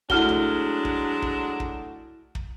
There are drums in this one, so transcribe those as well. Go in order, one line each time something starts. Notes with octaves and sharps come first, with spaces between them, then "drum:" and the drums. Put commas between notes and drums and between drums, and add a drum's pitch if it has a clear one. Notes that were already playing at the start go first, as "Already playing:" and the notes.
F#3 G#3 A3 D4 E4 F#4 F6 G7, drum: kick
drum: tom B1
drum: kick
drum: kick
drum: kick
drum: kick